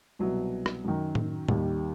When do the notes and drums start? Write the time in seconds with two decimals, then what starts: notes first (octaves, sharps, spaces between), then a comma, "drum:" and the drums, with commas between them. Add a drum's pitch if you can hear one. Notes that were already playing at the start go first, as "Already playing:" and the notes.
0.19 C2 B2 F#3
0.66 drum: rim click
0.84 F#2 D#3
1.15 drum: tom A2
1.48 D#2 D#3 G3, drum: tom A2